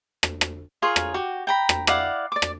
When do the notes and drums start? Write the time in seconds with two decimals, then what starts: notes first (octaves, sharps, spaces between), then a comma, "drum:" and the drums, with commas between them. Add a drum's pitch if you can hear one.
0.23 drum: rim click
0.41 drum: rim click
0.82 F4 G#4 A#4 C#5
0.96 drum: rim click
1.14 F#4 G4
1.47 G5 A#5 B5
1.69 drum: rim click
1.87 E4 D5 F5 F#5, drum: rim click
2.32 D5 D6
2.42 drum: rim click